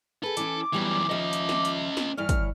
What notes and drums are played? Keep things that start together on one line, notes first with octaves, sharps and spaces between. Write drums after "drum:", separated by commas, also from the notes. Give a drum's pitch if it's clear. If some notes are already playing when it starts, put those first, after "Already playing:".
G#4 A4 B4
E3 C#4 D6, drum: hi-hat
F#2 E3 F#3 G3 B3
D#2 F3 C#4 D#5 E5
drum: hi-hat
drum: snare
drum: hi-hat
drum: snare
G2 E3 C#5 F6
drum: kick, hi-hat